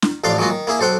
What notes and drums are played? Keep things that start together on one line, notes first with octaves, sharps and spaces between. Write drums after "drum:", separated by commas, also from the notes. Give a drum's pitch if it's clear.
drum: snare
A1 F2 D4 D5 F5 C6
F#3 G#3 A#3 F4 F#4
D#3
A#3 E4 G#4 E5
B1 A4 C5 F#5 G5